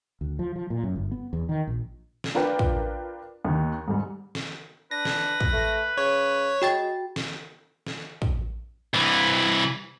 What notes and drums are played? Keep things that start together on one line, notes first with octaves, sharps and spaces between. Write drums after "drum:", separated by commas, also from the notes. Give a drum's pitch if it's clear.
D2
F3
F3
A#2
F#2
G1
B3
E2
D#3
A#1
drum: snare
D4 F4 A#4 B4 G5
drum: kick
D#2 D#3
G#2 G3
drum: snare
D4 B4 A#6
drum: snare
drum: kick
A3
C#3 C#5
G#3 F#4 G5 A6
drum: snare
drum: snare
drum: kick
C2 E3